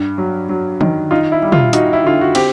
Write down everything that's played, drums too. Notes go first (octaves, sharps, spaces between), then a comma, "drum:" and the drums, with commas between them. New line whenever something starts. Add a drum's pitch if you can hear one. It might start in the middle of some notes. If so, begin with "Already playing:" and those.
Already playing: G2
F#3
F#3
D#3, drum: tom
D#4 F4
E4
G3
F4, drum: tom
D#4 F#4, drum: hi-hat
E4
D3 F4
F#4
C4 G4, drum: cymbal